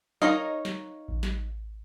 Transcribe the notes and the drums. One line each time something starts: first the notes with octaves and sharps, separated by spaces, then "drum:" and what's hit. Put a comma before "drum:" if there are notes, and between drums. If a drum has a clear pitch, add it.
D#4 A#4 C#5 D#5 F5, drum: snare
drum: snare
drum: kick A1
drum: snare